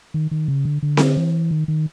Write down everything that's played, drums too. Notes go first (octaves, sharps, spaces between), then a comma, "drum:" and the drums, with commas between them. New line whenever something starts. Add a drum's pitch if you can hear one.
D#3
D#3
C#3
D3
D3
drum: snare C4
E3
D#3
D#3